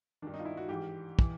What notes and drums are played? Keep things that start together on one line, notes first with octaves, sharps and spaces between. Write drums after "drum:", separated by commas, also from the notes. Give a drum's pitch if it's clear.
G2 D#3 D4
D#4
F4
E4
F#4
G#2 E3 G4
E3, drum: kick